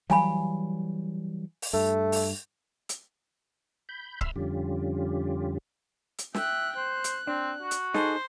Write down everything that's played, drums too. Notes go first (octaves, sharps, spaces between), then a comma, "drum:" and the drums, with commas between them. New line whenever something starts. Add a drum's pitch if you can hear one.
E3 F#3 G3 F5 G#5 B5, drum: snare
drum: open hi-hat
G2 A3
drum: open hi-hat
drum: hi-hat
B5 G6
E5 B5 C6 E6 F6, drum: kick C#1
F2 D3 G3 C#4 F4 G4
drum: hi-hat
E5 G5 F#6, drum: snare
C5 F#6
drum: hi-hat
C4 D4
F#4
drum: hi-hat
D#4 G#4 A4 C5, drum: snare